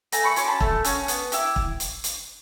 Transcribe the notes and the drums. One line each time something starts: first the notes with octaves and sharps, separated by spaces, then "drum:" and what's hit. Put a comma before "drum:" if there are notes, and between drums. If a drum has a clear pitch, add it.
A3 G#5 A#5, drum: hi-hat
B5 C#6
C#4 F#4 C6 D6, drum: hi-hat
A5 B5
A3, drum: kick
C#4 F#4, drum: hi-hat
B3, drum: hi-hat
E4 G4, drum: hi-hat
drum: kick
drum: hi-hat
drum: hi-hat